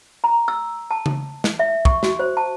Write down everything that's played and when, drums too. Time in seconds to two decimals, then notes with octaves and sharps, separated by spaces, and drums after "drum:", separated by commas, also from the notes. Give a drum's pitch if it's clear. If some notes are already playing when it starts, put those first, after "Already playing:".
0.24 A#5
0.48 E6
0.91 A5
1.06 drum: tom C#3
1.44 drum: snare
1.59 E5
1.85 C#6, drum: kick
2.03 F#4, drum: snare
2.19 C5
2.37 A5